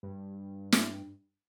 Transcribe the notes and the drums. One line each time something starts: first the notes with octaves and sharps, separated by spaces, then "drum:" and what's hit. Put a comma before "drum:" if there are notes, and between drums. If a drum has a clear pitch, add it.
G2
drum: snare